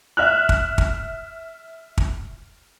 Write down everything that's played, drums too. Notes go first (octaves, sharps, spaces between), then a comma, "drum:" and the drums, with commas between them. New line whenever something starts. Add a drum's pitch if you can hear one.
E5 F6 F#6
drum: kick
drum: kick
drum: kick